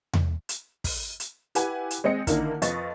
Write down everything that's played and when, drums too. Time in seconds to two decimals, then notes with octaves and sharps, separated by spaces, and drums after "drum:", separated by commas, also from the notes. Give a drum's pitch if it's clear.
0.13 drum: tom E2
0.49 drum: hi-hat
0.84 drum: kick, open hi-hat
1.20 drum: hi-hat
1.55 E4 G4 B4 F#5 G#5, drum: hi-hat
1.91 drum: hi-hat
2.04 G#3 C4 D#5 C#7
2.27 D3 D#3 A#3 D#4 E4 A#4, drum: kick, hi-hat
2.62 F2 F3 B4 D#5 C#6 A6, drum: hi-hat